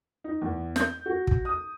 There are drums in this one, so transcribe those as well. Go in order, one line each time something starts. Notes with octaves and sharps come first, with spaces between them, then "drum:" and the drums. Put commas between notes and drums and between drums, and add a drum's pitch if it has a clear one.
D#4
E2
G6, drum: snare
F#4
drum: kick
D#6